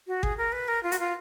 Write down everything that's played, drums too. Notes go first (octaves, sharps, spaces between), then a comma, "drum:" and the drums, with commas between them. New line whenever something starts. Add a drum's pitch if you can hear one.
F#4
G#4, drum: kick G#1
A#4
B4
A#4
F4
F#4, drum: hi-hat
F4